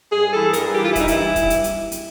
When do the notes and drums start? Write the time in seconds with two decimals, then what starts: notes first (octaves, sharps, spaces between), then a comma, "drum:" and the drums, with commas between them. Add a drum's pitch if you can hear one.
0.12 G2 G#4
0.33 E3 A4
0.53 G2 A#4, drum: hi-hat
0.64 G#4
0.74 E3 G4
0.84 F4
0.92 E4
0.95 G2 D#4, drum: kick, hi-hat
1.08 E4, drum: hi-hat
1.15 E3
1.36 G2, drum: kick, hi-hat
1.50 drum: hi-hat
1.64 drum: hi-hat
1.92 drum: hi-hat